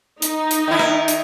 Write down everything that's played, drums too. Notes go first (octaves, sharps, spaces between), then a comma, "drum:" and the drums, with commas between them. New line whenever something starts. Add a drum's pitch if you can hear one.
D#4, drum: hi-hat
drum: hi-hat
D#3 E4
drum: rim click
drum: hi-hat